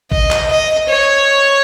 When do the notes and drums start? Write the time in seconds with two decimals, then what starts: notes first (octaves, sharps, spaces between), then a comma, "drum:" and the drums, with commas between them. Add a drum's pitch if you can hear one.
0.12 D#5, drum: kick A1
0.31 drum: clap
0.50 D#5
0.89 C#5